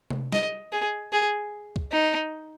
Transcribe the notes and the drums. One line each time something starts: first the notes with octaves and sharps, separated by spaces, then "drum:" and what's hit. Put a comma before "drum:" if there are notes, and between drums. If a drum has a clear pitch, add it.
drum: tom C3
D#5, drum: snare
G#4
G#4
drum: kick
D#4